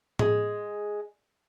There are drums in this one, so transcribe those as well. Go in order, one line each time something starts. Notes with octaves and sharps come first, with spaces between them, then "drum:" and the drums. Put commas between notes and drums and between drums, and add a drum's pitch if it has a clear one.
G#3, drum: tom A2